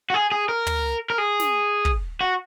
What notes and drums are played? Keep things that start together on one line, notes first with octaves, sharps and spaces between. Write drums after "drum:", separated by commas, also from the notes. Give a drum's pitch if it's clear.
F#4
G#4
G#4
A#4
drum: tom
A#4
G#4
drum: snare
drum: kick
F#4